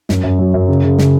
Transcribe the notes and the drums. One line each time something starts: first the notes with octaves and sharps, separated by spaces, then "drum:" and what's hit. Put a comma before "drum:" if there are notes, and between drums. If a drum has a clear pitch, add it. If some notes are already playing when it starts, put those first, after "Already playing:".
F#2, drum: snare
F#2
F#3
F#2
C#3
C#3
C#3, drum: snare